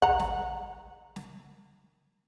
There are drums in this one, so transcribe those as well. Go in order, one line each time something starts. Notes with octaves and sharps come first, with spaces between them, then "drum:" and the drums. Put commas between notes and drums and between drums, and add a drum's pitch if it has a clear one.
F#5 A#5, drum: kick
drum: snare
drum: snare